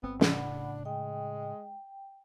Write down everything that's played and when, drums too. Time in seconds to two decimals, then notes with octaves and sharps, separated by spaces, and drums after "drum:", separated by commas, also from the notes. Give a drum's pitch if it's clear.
0.03 G1 B3 C4
0.21 A2 C#3 D4 F#5 B5, drum: snare
0.85 G#3 G5